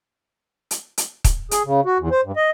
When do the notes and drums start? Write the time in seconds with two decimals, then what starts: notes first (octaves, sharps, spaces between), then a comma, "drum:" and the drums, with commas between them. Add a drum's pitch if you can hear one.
0.71 drum: hi-hat
0.98 drum: hi-hat
1.24 drum: kick, hi-hat
1.51 G#4, drum: hi-hat
1.64 C#3
1.85 F#4
1.99 E2
2.11 C5
2.24 G2
2.36 D#5